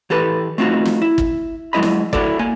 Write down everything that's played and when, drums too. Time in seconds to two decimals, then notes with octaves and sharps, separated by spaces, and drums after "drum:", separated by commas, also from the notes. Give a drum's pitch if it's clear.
0.10 E3 G4 A4 B4
0.58 A3 C4 D#4 F4 F#4
0.85 drum: snare
1.02 E4
1.18 drum: kick
1.73 F#3 G#3 E4 D#5 B5
1.83 drum: snare
2.13 E4 F#4 A4 D5, drum: kick
2.39 A#3 G#5